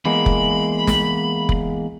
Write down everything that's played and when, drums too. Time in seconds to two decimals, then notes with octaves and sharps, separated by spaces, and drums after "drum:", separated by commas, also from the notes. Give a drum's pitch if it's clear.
0.05 E2 G#3 A#3 B5
0.26 drum: kick F1
0.87 drum: snare
1.49 drum: kick F1